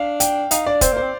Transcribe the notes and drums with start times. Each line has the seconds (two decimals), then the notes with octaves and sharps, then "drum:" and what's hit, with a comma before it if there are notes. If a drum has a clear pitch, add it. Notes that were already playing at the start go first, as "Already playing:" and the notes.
Already playing: D4 F5
0.20 G5, drum: hi-hat
0.51 D#4 F5, drum: hi-hat
0.66 D4 D5
0.81 C4 C5, drum: kick, hi-hat
0.92 A#3
0.97 C4 C5